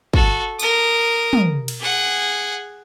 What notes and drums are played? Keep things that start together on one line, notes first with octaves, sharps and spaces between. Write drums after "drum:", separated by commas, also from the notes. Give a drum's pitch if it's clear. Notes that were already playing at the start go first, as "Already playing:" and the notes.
F#4 A4, drum: kick
A#4 D#6, drum: tambourine
drum: tom
drum: cymbal
G#4 F#5